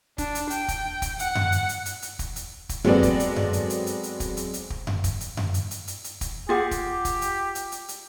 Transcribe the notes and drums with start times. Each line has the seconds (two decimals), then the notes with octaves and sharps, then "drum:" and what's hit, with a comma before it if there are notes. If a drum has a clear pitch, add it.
0.18 D4, drum: kick, hi-hat
0.35 drum: hi-hat
0.50 G5, drum: hi-hat
0.68 drum: kick, hi-hat
1.02 drum: kick, hi-hat
1.19 F#5, drum: hi-hat
1.35 drum: tom F#2
1.52 drum: hi-hat
1.69 drum: hi-hat
1.86 drum: hi-hat
2.02 drum: hi-hat
2.19 drum: kick, hi-hat
2.36 drum: hi-hat
2.69 drum: kick, hi-hat
2.85 F#3 G#3 B3 C4 A4 D5, drum: tom F#2
3.03 drum: kick, hi-hat
3.20 drum: hi-hat
3.36 drum: tom F#2
3.53 drum: hi-hat
3.70 drum: hi-hat
3.87 drum: hi-hat
4.03 drum: hi-hat
4.20 drum: kick, hi-hat
4.37 drum: hi-hat
4.54 drum: hi-hat
4.70 drum: kick
4.87 drum: tom F#2
5.04 drum: kick, hi-hat
5.21 drum: hi-hat
5.37 drum: tom F#2
5.54 drum: hi-hat
5.71 drum: hi-hat
5.88 drum: hi-hat
6.04 drum: hi-hat
6.21 drum: kick, hi-hat
6.49 F4 G4 G#4 F#5
6.71 drum: kick, hi-hat
7.05 drum: kick, hi-hat
7.22 drum: hi-hat
7.55 drum: hi-hat
7.72 drum: hi-hat
7.89 drum: hi-hat